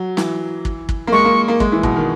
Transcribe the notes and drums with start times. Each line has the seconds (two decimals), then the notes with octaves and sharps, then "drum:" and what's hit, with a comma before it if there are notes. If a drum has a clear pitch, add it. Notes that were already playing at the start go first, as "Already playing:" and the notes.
Already playing: F#3
0.17 E3, drum: snare
0.65 drum: kick
0.89 drum: kick
1.07 A#3
1.12 G#3 C#6
1.25 A#3
1.48 A#3
1.60 G#3, drum: kick
1.72 E3
1.83 B2, drum: kick
1.96 D#3